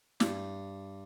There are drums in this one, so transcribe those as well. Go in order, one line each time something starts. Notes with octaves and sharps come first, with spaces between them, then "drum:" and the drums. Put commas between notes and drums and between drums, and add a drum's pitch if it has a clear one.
G2, drum: snare